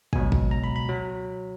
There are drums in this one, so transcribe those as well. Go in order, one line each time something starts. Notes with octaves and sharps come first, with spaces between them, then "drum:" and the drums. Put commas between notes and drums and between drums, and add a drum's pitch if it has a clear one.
C#2 B2 F#3 G#5, drum: kick
drum: kick
A#5
B5
B5
F#3